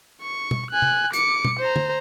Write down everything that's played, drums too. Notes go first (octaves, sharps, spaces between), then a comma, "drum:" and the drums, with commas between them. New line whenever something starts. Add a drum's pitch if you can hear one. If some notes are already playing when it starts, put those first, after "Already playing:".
C#6
drum: tom B2
G#5 F#6
drum: tom C3
D6 C#7, drum: hi-hat
drum: tom B2
C5 A#5
drum: tom